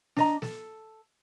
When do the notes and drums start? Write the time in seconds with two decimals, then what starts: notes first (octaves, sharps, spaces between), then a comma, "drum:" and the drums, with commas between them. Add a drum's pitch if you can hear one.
0.17 D4 D#5 A#5, drum: snare
0.42 A4, drum: snare